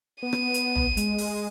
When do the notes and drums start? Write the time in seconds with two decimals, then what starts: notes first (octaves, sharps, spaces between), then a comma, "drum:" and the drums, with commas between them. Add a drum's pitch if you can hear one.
0.22 B3 D#7
0.33 drum: rim click
0.54 drum: hi-hat
0.75 drum: tom
0.97 G#3, drum: hi-hat
1.18 drum: open hi-hat